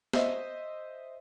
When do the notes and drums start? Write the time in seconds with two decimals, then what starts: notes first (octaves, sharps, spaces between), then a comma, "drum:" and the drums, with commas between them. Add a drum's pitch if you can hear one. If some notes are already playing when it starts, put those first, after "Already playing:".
0.13 C5 D#5 E5, drum: snare